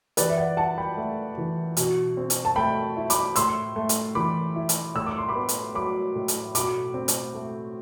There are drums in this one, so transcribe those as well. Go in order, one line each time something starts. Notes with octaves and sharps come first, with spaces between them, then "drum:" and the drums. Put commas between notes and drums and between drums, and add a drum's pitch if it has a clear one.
E3 B4 D5, drum: hi-hat
E5
D5 F#5
E4 F#5 A5
G5 B5
A3
E3
B2, drum: hi-hat
C4
drum: hi-hat
A5
A3 G5 B5
E4
B5 D6, drum: hi-hat
A2 C6 E6, drum: hi-hat
A3
drum: hi-hat
E3 B5 D6
E4
drum: hi-hat
A2 E6
D6
C6
B5 D6
B3
drum: hi-hat
F#3 B5 D6
A2
drum: hi-hat
B2 B5 D6, drum: hi-hat
C4
drum: hi-hat
A3